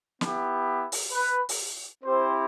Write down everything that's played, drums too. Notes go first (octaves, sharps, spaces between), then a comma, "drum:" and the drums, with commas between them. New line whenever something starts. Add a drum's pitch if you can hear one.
B3 E4 G4, drum: snare
drum: open hi-hat
B4
drum: open hi-hat
C4 E4 G4 C5